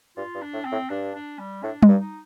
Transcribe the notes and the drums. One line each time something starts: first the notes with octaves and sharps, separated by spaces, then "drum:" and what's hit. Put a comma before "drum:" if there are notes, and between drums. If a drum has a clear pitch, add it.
G2 F4
G2
D4
A2
C4
A2
G2 D4
D4
G3
A2 D4
D#4, drum: tom G3
G2
D#4